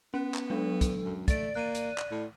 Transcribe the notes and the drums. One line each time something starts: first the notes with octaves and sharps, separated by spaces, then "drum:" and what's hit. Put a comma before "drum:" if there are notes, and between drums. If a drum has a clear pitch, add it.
B3 C#4
drum: clap
F#3 G#3 D4 A4
drum: kick, hi-hat
F#2
A3 D5 A6 D7, drum: kick, hi-hat
A#3 F#6 D#7
drum: hi-hat
drum: clap
A2